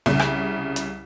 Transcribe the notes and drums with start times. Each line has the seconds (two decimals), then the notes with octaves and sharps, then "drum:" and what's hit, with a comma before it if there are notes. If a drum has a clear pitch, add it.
0.06 C2 C#3, drum: snare
0.19 drum: rim click
0.76 drum: hi-hat